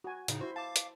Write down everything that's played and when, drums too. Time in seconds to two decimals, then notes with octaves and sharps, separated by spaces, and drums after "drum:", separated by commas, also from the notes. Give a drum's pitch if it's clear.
0.04 F#4 G#5
0.28 A2 C#3 D#4, drum: hi-hat
0.41 E4 F#4 C5
0.56 F5 A5 D6
0.76 drum: hi-hat